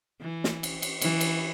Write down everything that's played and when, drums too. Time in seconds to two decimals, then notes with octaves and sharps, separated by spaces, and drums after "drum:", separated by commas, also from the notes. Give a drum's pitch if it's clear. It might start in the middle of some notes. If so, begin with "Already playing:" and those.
0.21 E3
0.44 drum: snare
0.63 drum: cymbal
0.82 drum: cymbal
1.01 E3, drum: cymbal
1.21 drum: cymbal